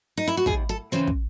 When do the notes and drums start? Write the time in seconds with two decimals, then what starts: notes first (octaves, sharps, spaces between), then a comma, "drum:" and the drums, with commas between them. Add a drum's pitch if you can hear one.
0.17 D#4
0.28 E4
0.37 F#4
0.46 D#2 G#4, drum: kick
0.69 A4
0.92 C#3 E3 C4 C5
1.07 drum: kick